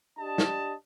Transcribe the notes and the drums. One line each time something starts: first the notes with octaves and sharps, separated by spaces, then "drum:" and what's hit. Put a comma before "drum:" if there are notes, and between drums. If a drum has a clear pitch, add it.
D4 G4 D#5 A5
drum: snare